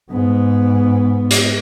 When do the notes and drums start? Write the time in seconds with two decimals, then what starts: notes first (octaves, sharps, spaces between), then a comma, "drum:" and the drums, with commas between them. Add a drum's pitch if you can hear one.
0.11 G#2 B3
1.31 drum: hi-hat